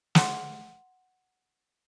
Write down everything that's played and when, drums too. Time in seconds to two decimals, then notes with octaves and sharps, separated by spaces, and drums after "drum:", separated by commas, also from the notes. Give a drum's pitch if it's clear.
0.15 F#5 C6, drum: snare